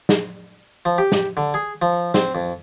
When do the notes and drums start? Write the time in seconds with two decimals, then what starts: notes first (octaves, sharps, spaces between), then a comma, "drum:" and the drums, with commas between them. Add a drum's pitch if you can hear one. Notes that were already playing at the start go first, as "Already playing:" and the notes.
0.09 drum: snare
0.85 F3
0.98 G4
1.12 drum: snare
1.37 D3
1.54 G#4
1.82 F3
2.14 C4, drum: snare
2.35 F2